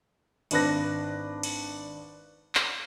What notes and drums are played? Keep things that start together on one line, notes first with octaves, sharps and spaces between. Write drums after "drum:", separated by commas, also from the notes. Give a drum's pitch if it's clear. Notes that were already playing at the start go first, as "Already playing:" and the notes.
G#1 D4 B4 F#6 A#6, drum: cymbal
drum: cymbal
drum: clap